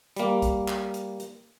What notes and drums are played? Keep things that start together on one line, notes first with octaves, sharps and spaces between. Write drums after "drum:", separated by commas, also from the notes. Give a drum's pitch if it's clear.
G3 A#3, drum: hi-hat
drum: kick, hi-hat
drum: clap
drum: hi-hat
drum: hi-hat